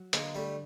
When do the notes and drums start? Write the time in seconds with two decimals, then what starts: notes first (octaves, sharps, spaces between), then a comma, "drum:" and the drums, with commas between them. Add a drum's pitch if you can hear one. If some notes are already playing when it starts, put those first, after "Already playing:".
Already playing: F#3
0.13 D3 G#3 A#3, drum: hi-hat
0.35 G3 A3